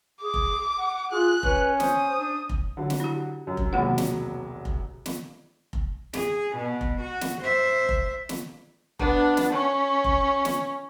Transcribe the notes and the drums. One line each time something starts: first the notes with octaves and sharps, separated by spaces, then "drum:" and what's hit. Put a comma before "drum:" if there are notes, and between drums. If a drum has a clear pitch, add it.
G#4 D6
drum: kick F1
F#5
F4 G#4 F#6
C#4 B4, drum: kick F1
C5 D#6, drum: snare
D4
drum: kick F1
D3 F#3
drum: snare
E4 G4
F#2
drum: kick F1
E1 C2 D#3 F#3 A#3 F#5
drum: snare
drum: kick F1
drum: snare
drum: kick F1
G#4, drum: snare
B2
drum: kick F1
F#4
drum: snare
C5 E5
drum: kick F1
drum: snare
B3 D4, drum: kick F1
drum: snare
C#4
drum: kick F1
drum: snare